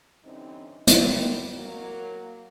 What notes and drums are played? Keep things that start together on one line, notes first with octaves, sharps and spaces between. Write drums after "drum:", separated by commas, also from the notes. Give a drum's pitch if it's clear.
G2 D3 E3 C4 C#4 D#4
C3 G3 C4 D#4 F#4 A#4, drum: hi-hat
F#3 A#3